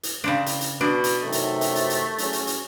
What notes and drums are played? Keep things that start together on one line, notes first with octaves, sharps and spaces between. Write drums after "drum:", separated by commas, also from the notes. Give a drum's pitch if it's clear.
drum: hi-hat
C#3 C4 D4
drum: hi-hat
drum: hi-hat
B2 D4
drum: hi-hat
F#2 C3 D#3 A3
drum: hi-hat
drum: hi-hat
drum: hi-hat
drum: hi-hat
F#3 C#4 G#4, drum: hi-hat
drum: hi-hat
drum: hi-hat